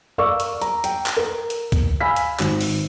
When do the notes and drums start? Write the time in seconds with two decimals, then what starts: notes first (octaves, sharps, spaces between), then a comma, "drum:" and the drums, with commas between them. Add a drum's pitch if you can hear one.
0.18 A#4 D5 F5 C#6 D6 E6
0.40 drum: hi-hat
0.62 A#5, drum: hi-hat
0.84 G5, drum: hi-hat
1.06 drum: clap
1.17 A#4
1.50 drum: hi-hat
1.72 drum: kick C#2, hi-hat
2.01 F5 G#5 B5 E6 B6
2.16 drum: hi-hat
2.39 G#1, drum: clap
2.61 drum: open hi-hat